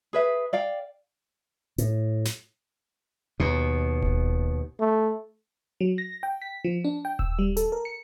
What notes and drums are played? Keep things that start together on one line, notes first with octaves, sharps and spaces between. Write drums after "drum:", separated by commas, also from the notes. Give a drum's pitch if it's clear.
G#4 B4 E5
D5 F5 G5
A2, drum: hi-hat
drum: snare
D#2 B2
drum: kick D#1
A3
F#3
A#6
G5
B6
F3
D4
G5
E6, drum: kick D#1
G3
A4, drum: hi-hat
A#4
C#7